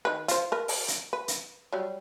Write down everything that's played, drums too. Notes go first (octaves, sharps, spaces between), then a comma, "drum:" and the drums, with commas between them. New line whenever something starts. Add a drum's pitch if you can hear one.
D#3 B4
F4 C5, drum: hi-hat
A#4 B4
drum: open hi-hat
drum: hi-hat
B4
drum: hi-hat
F#3 G3